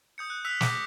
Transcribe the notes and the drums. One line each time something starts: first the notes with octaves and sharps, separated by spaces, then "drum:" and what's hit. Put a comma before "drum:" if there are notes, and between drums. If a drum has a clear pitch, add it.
D#6 G6 C#7
F#6
E6 F#6 B6 F7
D6 E6 G6 A#6, drum: snare